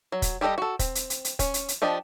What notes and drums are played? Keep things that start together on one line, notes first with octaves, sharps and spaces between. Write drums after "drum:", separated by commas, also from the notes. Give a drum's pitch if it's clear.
F#3
drum: kick, hi-hat
G3 G4 A4 B4 D#5
F#4 A4
C4, drum: kick, hi-hat
drum: hi-hat
drum: hi-hat
drum: hi-hat
C#4, drum: kick, hi-hat
drum: hi-hat
drum: hi-hat
F3 D4 G4 D#5